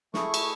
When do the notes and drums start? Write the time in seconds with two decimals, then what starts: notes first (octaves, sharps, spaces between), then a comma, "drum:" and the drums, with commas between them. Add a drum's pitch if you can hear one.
0.14 A3 E4 G#4 C#6, drum: snare
0.34 drum: cymbal